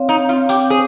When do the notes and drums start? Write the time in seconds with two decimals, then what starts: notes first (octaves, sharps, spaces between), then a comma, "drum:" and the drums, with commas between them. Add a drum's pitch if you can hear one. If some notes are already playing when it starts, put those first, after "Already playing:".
Already playing: C4 C#5 F5
0.09 D#4
0.29 C4 F4
0.49 G4, drum: open hi-hat
0.70 G#4 C5